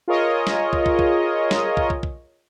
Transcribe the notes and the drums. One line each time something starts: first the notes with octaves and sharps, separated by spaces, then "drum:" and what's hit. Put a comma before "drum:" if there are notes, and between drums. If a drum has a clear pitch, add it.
F4 G#4 A#4 C#5 D#5
drum: snare
drum: kick
drum: kick
drum: kick
drum: snare
drum: kick
drum: kick
drum: kick